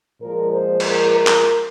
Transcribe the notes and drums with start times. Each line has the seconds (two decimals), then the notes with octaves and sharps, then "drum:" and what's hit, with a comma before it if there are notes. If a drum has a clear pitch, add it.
0.22 A#2 F3 G#3 A#4
0.51 C5
0.80 A#4, drum: cymbal
1.08 A#4
1.27 drum: clap